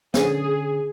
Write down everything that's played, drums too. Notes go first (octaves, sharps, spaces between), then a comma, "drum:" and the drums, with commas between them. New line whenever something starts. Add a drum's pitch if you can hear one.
D3 C#4 G#4, drum: snare